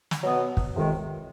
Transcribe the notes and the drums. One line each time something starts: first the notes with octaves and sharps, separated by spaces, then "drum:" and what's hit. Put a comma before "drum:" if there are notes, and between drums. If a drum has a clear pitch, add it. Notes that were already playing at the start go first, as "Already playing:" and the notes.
drum: snare
B2 F#3 B3
drum: kick
F2 C3 D#3 G#3